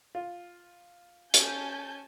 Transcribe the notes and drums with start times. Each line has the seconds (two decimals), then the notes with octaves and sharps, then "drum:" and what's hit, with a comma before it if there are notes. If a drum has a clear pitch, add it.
0.15 F4
1.34 C#4 G#5 A5 G6, drum: hi-hat